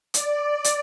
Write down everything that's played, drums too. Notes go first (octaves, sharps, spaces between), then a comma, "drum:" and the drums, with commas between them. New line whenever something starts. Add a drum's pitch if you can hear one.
D5, drum: hi-hat
drum: hi-hat